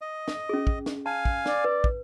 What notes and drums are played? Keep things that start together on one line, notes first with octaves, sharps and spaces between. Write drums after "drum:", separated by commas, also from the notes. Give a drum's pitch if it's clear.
D#5
drum: snare
C#4 G#4
drum: kick
drum: snare
F5 G#5 A5
drum: kick
D5, drum: snare
B4
drum: kick